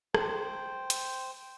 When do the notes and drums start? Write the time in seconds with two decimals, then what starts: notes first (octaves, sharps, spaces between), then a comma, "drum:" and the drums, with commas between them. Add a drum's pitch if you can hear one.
0.14 C5 G5, drum: rim click
0.90 drum: hi-hat